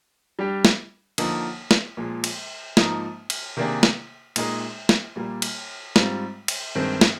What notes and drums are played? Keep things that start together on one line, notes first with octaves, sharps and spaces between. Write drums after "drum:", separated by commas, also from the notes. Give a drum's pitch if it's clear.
G3 D4 G4
drum: snare
D3 F3 A#3 D#4, drum: cymbal
drum: snare
A#2 F3 G#3
drum: cymbal
G#2 F3 A#3 D#4, drum: snare
drum: cymbal
C3 D#3 A#3 D4 G#4
drum: snare
A#2 G#3 D#4 A#4, drum: cymbal
drum: snare
A#2 G3 A#3
drum: cymbal
G#2 G3 C4 F4, drum: snare
drum: cymbal
G2 D#3 G#3 C4
drum: snare